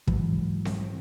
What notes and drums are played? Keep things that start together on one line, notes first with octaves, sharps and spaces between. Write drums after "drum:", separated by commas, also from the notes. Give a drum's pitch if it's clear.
G#2 E3 F#3, drum: kick
drum: snare C4